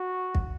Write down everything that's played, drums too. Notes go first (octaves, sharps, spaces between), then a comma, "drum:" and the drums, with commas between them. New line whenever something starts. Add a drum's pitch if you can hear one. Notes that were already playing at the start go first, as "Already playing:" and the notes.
Already playing: F#4
drum: kick